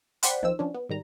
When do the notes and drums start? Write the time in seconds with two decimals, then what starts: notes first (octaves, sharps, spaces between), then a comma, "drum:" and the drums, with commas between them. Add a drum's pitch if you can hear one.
0.23 C5 D5 F#5 G5 B5 C6, drum: hi-hat
0.42 B1 D#3 F3 C4 E6
0.59 F3 C#4 D4
0.74 B3
0.89 G#2 D#3 G3 A#5